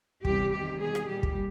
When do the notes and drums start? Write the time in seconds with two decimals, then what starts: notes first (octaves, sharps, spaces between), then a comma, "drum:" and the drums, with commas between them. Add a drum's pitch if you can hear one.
0.25 E2 C3 E3 G3 G4, drum: kick
0.52 E2 C3 D#3 G4
0.81 B2 G3 G#4
0.95 drum: rim click
1.09 A#2 G3 G4
1.23 drum: kick